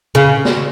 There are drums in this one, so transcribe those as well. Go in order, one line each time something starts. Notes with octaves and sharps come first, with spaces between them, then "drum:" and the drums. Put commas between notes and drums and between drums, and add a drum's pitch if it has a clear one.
C#3
drum: snare